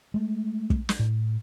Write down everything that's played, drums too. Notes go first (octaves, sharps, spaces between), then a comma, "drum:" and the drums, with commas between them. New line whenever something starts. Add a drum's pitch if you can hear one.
G#3 A3
drum: kick
drum: snare
A2